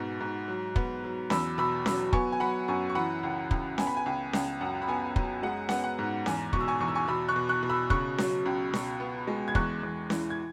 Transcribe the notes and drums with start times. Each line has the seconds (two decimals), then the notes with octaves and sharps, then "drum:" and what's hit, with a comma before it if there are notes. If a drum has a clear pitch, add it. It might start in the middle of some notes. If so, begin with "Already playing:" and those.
Already playing: G#2 B2 B3 F#5
0.20 G#2
0.48 F#3
0.76 B3, drum: kick
1.04 F#3
1.30 E2 B5 E6, drum: snare C#4
1.58 B2 B5 E6
1.86 F#3 B5 E6, drum: snare C#4
2.13 B3 G#5 C#6, drum: kick
2.32 G#5
2.40 F#3 F#5 B5
2.68 F#2 G#5 C#6
2.90 C#6
2.95 E3 F#5 B5
3.23 C#2
3.51 C#2, drum: kick
3.78 B3 G#5, drum: snare C#4
3.87 B5
3.97 G#5
4.06 C#2
4.33 C#2, drum: snare C#4
4.61 F#2 F#5
4.82 B5
4.88 B3 G#5
5.16 F#2, drum: kick
5.43 G#3 F#5
5.69 B3 F#5, drum: snare C#4
5.84 F#5
5.99 G#2
6.26 E2 G#5, drum: snare C#4
6.53 B2 C#6, drum: kick
6.61 E6
6.68 G#5 C#6
6.80 E2 C#6
6.88 E6
6.95 G#5 C#6
7.07 B2 B5 E6
7.28 C#6 F#6
7.36 B2
7.49 C#6 F#6
7.63 B2
7.70 B5 E6
7.90 C#3 C#6 F#6, drum: kick
8.18 F#3, drum: snare C#4
8.46 C#2
8.74 B2, drum: snare C#4
9.00 B3
9.27 G#3
9.48 G#6
9.55 E2 C#6 F#6, drum: kick
9.83 E2
10.10 E3, drum: snare C#4
10.30 G#6